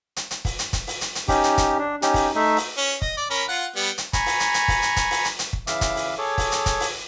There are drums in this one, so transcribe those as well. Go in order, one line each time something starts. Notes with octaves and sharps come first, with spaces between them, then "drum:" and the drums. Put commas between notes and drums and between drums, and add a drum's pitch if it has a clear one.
drum: hi-hat
drum: hi-hat
drum: kick, open hi-hat
drum: hi-hat
drum: kick, hi-hat
drum: open hi-hat
drum: hi-hat
drum: hi-hat
C#4 D#4 G4, drum: kick, open hi-hat
drum: hi-hat
drum: kick, hi-hat
D4
C#4 D#4 G4, drum: hi-hat
drum: kick, open hi-hat
A3 D#4 E5
drum: open hi-hat
C#4
D#5, drum: kick
D5
C#4 A#4 B5
F4 F#5
G3 B3
drum: hi-hat
G#5 A#5 B5 C#6, drum: kick, hi-hat
drum: open hi-hat
drum: hi-hat
drum: hi-hat
drum: kick, open hi-hat
drum: hi-hat
drum: kick, hi-hat
drum: open hi-hat
drum: hi-hat
drum: hi-hat
drum: kick
C#3 E3 E5 F5 D6, drum: hi-hat
drum: kick, hi-hat
drum: open hi-hat
G#4 A4 C#5 D6
drum: kick, open hi-hat
drum: hi-hat
drum: kick, hi-hat
drum: open hi-hat